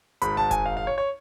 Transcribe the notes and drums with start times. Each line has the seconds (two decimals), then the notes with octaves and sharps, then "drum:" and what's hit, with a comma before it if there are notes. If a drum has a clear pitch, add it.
0.22 G#1 G#2 B5, drum: hi-hat
0.37 A5
0.51 G#5, drum: kick F1, hi-hat
0.66 F5
0.77 F5
0.87 C#5
0.98 C#5